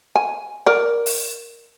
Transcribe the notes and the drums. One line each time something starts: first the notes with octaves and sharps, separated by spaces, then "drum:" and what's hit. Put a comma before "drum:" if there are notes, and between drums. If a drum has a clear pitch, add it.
G#5
A#4 D5
drum: open hi-hat